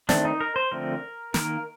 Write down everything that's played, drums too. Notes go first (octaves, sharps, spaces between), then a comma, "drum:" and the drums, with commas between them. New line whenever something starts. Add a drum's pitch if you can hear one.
D#3 A3 C4 D4, drum: snare
D#4
A#4
C5
D3 F3 A3 C4 A#4
D#3 A#3 A#4, drum: snare